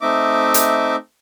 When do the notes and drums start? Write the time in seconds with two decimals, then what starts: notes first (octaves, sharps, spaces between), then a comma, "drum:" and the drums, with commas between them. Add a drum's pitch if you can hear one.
0.01 A3 C4 D#4 D#5 E5 D6
0.54 drum: hi-hat